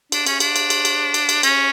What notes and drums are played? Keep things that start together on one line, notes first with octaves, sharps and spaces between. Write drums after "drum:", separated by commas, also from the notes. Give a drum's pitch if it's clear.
D4, drum: cymbal
C#4, drum: cymbal
D4, drum: cymbal
drum: cymbal
drum: cymbal
drum: cymbal
drum: cymbal
drum: cymbal
C#4, drum: cymbal